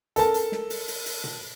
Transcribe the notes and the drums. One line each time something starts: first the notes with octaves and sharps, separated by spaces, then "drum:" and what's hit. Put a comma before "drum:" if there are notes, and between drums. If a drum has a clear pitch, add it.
A4 A#4 A5, drum: hi-hat
drum: hi-hat
drum: snare
drum: open hi-hat
drum: open hi-hat
drum: open hi-hat
drum: tom A#2